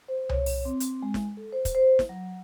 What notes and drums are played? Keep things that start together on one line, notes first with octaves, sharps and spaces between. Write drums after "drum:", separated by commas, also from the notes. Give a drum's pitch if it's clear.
C5
C#5, drum: tom C2
drum: open hi-hat
C4
drum: hi-hat
G#3
drum: snare
A4
C5
drum: kick, hi-hat
C5
drum: snare
F#3